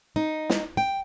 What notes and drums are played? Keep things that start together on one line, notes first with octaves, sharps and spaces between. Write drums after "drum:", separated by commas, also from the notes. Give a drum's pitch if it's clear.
D#4
drum: snare
G5